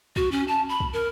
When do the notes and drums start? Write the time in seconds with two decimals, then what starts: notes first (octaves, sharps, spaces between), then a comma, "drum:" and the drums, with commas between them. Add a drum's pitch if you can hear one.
0.16 F#4, drum: kick
0.32 C#4
0.48 A5
0.69 B5
0.80 drum: kick
0.93 A#4